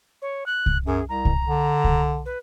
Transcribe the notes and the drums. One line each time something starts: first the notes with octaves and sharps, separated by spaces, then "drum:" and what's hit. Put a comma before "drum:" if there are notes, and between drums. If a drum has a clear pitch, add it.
C#5
F#6
drum: kick C2
F#2 G#4
C2 A#5
drum: kick C2
D3
drum: kick C2
B4